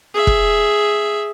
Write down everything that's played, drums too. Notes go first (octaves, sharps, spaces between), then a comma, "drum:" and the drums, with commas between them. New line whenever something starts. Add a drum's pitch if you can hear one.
G#4 E5
drum: kick